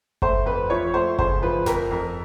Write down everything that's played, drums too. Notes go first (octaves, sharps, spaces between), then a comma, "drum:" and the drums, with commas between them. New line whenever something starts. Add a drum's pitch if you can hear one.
A3 C5, drum: kick G1
F2 B4
F3 C#5
A3 C5
C#3 C5, drum: kick G1
F3 B4
F2 A#4, drum: snare F1
F2